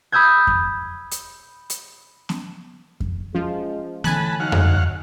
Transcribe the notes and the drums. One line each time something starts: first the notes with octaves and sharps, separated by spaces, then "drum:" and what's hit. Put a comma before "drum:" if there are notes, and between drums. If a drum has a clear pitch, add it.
B5 D#6 E6 G6 G#6
drum: kick F2
drum: hi-hat
drum: hi-hat
drum: snare B3
drum: kick F2
F3 G#3 C#4
A2 D3 E3 G#5 A5 B5 F#6, drum: snare B3
F#3 D#4 F5 F#5
drum: tom F2